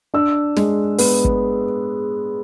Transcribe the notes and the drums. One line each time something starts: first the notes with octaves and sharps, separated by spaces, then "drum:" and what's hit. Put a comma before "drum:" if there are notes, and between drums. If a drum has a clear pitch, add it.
D4 E6
G#3, drum: snare
B3, drum: open hi-hat
drum: kick